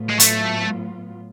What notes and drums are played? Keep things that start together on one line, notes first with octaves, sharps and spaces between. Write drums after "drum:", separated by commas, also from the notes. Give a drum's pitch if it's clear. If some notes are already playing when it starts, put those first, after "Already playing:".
Already playing: A2 F#3 B3 F4
G#3
A3, drum: hi-hat